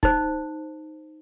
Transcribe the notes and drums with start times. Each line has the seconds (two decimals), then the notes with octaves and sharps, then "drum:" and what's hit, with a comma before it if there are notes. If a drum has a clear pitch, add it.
0.03 D#4 C5, drum: kick